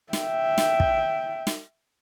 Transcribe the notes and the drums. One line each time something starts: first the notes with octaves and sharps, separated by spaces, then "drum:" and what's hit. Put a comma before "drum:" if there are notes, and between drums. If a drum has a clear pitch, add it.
E5 G5, drum: snare
drum: snare
drum: kick
drum: snare